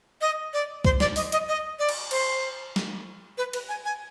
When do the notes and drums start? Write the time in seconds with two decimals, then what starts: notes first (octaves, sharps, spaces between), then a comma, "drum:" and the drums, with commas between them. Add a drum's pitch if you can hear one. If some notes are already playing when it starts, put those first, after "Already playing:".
0.21 D#5
0.53 D5
0.85 C5, drum: kick
1.00 D5, drum: snare
1.16 D#5, drum: open hi-hat
1.32 D#5, drum: hi-hat
1.49 D#5
1.79 D5
1.89 drum: cymbal
2.11 C5, drum: cymbal
2.76 drum: snare
3.38 B4
3.53 B4, drum: cymbal
3.69 G#5
3.85 G#5